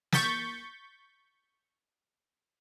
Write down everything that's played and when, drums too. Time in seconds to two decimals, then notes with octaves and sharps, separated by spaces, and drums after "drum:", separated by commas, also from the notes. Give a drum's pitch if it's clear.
0.12 C#6 G6 A6 B6, drum: snare